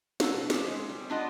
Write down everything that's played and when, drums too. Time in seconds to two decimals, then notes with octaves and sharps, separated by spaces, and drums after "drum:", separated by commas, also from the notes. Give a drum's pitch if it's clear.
0.20 D#4 A4 B4 F5 F#5, drum: snare
0.34 B2
0.50 G4 G#4 C5, drum: snare
0.66 G#3
0.89 G3
1.10 B3 D4 F4 D5 D#5 F#5